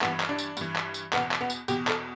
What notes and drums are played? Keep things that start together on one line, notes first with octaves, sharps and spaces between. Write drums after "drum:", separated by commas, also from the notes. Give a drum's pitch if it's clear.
G2 E3 B3, drum: clap
drum: clap
D4
drum: tambourine
G2 E3, drum: tambourine
drum: clap
drum: tambourine
E2 B2 B3, drum: clap
drum: clap
B3
drum: tambourine
E2 B2 G4, drum: tambourine
A4, drum: clap